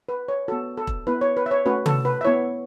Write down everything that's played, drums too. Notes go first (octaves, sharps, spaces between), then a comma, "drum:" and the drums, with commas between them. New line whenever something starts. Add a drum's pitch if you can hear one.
B4
C#5
B3 F#4 A4
A4
drum: kick E1
B3 E4 B4
C#5
B4
E5
C#5
A3 C#4 F#4 B4
A4, drum: tom
B4
E5
B3 E4 C#5